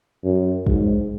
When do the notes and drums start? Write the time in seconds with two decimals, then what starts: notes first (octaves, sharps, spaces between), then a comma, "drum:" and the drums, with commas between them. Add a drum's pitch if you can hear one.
0.24 F#2
0.67 G#2, drum: kick